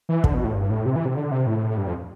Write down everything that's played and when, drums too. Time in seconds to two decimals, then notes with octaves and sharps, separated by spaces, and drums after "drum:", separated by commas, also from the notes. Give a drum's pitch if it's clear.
0.09 E3
0.24 D3, drum: kick
0.34 B2
0.44 A2
0.55 G2
0.70 A2
0.86 C3
0.96 E3
1.05 C3
1.16 D3
1.31 C3
1.47 A2
1.78 G2
1.87 F2